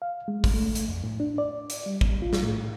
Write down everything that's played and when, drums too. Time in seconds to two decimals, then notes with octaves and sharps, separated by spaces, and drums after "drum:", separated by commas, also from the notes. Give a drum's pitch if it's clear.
0.02 F5
0.28 G#3
0.44 drum: kick, open hi-hat
0.54 A3
0.75 drum: hi-hat
0.88 F2
1.04 A2
1.20 D4
1.38 D5
1.70 drum: hi-hat
1.86 G3
2.01 drum: kick
2.22 F4
2.33 drum: snare
2.43 A2